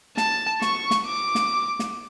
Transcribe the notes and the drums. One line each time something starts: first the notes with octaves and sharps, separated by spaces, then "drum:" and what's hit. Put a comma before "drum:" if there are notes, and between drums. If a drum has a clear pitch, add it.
A5, drum: snare
C#6, drum: snare
drum: snare
D6
drum: snare
drum: snare